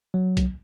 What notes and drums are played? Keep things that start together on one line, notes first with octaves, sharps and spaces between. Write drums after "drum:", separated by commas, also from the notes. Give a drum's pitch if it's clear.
F#3
drum: kick B1, hi-hat